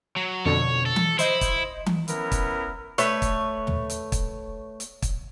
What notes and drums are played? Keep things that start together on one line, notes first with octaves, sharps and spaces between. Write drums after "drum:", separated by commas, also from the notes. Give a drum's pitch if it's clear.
F#3
F2 B2 D3 C#5
A4
drum: tom E3
E4 C5 D#5, drum: hi-hat
drum: kick, hi-hat
drum: tom E3
B3 C#4 E4 A#4, drum: hi-hat
drum: kick, hi-hat
A3 B4 C#5, drum: hi-hat
drum: kick, hi-hat
drum: tom
drum: hi-hat
drum: kick, hi-hat
drum: hi-hat
drum: kick, hi-hat